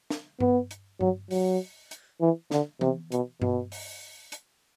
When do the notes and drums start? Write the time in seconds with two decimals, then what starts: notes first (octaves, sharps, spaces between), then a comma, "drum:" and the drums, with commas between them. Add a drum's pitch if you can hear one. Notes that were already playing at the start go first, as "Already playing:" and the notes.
0.10 drum: snare
0.40 B3, drum: tom G2
0.71 drum: hi-hat
1.01 F#3, drum: tom G2
1.31 F#3, drum: open hi-hat
1.91 drum: hi-hat
2.21 E3
2.51 D3, drum: snare
2.81 C3, drum: tom E3
3.12 B2, drum: hi-hat
3.42 B2, drum: tom G2
3.72 drum: open hi-hat
4.32 drum: hi-hat